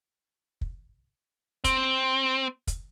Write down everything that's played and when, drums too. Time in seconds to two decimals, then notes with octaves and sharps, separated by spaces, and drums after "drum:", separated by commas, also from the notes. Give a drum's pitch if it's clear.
0.61 drum: kick
1.64 C4, drum: kick, hi-hat
2.67 drum: kick, hi-hat